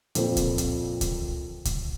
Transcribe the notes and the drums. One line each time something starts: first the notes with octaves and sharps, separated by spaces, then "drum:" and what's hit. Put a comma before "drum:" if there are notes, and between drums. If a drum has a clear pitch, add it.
F2 A#2 F3 C4, drum: hi-hat
drum: kick C#2, hi-hat
drum: hi-hat
drum: kick C#2, hi-hat
drum: kick C#2, hi-hat